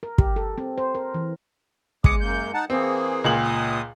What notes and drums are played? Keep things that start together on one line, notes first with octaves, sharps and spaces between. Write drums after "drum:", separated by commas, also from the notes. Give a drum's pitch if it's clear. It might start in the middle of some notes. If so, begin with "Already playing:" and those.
A#4
G4, drum: kick
A4
C4
C5
A#4
E3
E2 G#3 D6 D#6 C#7, drum: kick
F#2 A#3 G6
D#4 F#5 A5
E3 A#3 C4 G#4
C#2 A#2 F#7
D#6